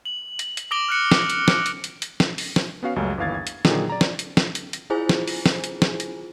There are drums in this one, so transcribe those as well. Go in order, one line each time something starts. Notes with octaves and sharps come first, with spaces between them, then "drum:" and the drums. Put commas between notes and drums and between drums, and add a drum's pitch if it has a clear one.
F#7
drum: hi-hat
drum: hi-hat
D6 D#6 A#6 D7 F7 G7
F6 F#6 C#7
drum: snare
drum: hi-hat
drum: snare
drum: hi-hat
drum: hi-hat
drum: hi-hat
drum: snare
drum: open hi-hat
drum: snare
B3 C#4 F#4 F5
C#2 F#2 G3 A3 C#4
G1 D#2 E3 F5 G#6 A6
G#6
drum: hi-hat
A#2 D3 D#3 F3 F#3 G#4, drum: snare
D5 A#5
drum: snare
drum: hi-hat
drum: snare
drum: hi-hat
drum: hi-hat
E4 F4 G#4 C5 G#5
drum: snare
drum: open hi-hat
drum: snare
drum: hi-hat
drum: snare
drum: hi-hat